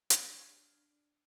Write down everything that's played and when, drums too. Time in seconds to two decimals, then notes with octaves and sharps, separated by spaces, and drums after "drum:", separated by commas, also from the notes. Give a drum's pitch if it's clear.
0.10 D4 F6 G#6, drum: hi-hat